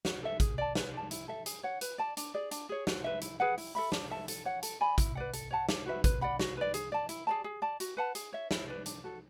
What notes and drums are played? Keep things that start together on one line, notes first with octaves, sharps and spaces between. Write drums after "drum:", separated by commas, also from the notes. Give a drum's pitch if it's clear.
F#4, drum: snare
A4 E5
G#4, drum: kick, hi-hat
D5 A5
B4, drum: snare
D5 A5
E4, drum: hi-hat
A4 E5
G#4, drum: hi-hat
C#5 F#5
B4, drum: hi-hat
D5 A5
D4, drum: hi-hat
G#4 D5
D4, drum: hi-hat
G#4 C#5
F#4, drum: snare
B4 E5
E4, drum: hi-hat
G#4 B4 F#5
E4, drum: open hi-hat
A4 E5 B5
D4, drum: snare
A4 E5 A5
A4, drum: hi-hat
C#5 F#5
A4, drum: hi-hat
D5 G#5 B5
E4, drum: kick, hi-hat
B4 D5 F#5
A4, drum: hi-hat
C#5 F#5 A5
D4, drum: snare
F#4 B4 E5
B4, drum: kick, hi-hat
D5 F#5 B5
F#4, drum: snare
B4 D5
G#4, drum: hi-hat
D5 A5
E4, drum: hi-hat
G#4 D5 A5
G#4
D5 A5
F#4, drum: hi-hat
B4 F#5 A5
G#4, drum: hi-hat
C#5 E5
E4, drum: snare
B4 D5
D4, drum: hi-hat
F#4 A4